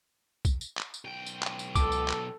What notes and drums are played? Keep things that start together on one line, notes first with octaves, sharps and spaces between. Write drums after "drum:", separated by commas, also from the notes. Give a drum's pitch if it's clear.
drum: kick, tambourine
drum: tambourine
drum: clap
drum: tambourine
B1 G5
drum: tambourine
drum: clap
drum: tambourine
C#2 A4 D6, drum: kick, tambourine
drum: tambourine
drum: clap